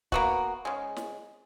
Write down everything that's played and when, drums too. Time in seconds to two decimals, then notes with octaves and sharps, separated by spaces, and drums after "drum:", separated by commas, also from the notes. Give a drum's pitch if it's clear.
0.12 A#3 B3 F#4, drum: kick
0.65 C#3 G#3
0.96 drum: snare